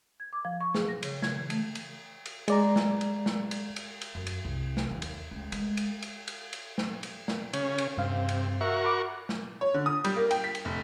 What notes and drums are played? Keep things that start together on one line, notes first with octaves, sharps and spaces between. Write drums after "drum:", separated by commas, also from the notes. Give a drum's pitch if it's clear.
G#6
D6
F3
C#6
G#4, drum: snare
A#6
C#3, drum: cymbal
G#6, drum: snare
E3
A3, drum: cymbal
drum: cymbal
drum: cymbal
G#3 D5 A#5, drum: cymbal
drum: snare
drum: cymbal
drum: snare
drum: cymbal
drum: cymbal
drum: cymbal
F#2
drum: cymbal
C2
drum: snare
D#2
drum: cymbal
C#2
G#3, drum: cymbal
drum: cymbal
drum: cymbal
drum: cymbal
drum: cymbal
drum: snare
drum: cymbal
drum: snare
C#3 C#4, drum: cymbal
drum: cymbal
G2 C3 F5
drum: cymbal
F#4 A#4 E5 C#6
B5 D6
drum: snare
C#5
D3
D#6
G3, drum: cymbal
A#3
G5, drum: cymbal
B6
drum: cymbal
F1